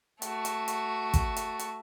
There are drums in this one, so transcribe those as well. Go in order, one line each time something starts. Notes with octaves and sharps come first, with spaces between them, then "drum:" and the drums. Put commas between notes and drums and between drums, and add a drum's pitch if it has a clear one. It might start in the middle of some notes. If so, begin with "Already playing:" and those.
A3 F#4, drum: hi-hat
drum: hi-hat
drum: hi-hat
drum: kick, hi-hat
drum: hi-hat
drum: hi-hat